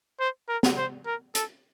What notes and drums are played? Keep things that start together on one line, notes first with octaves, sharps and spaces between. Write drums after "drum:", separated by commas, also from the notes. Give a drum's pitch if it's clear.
C5
A#4
drum: snare
C5
A#4
A4, drum: hi-hat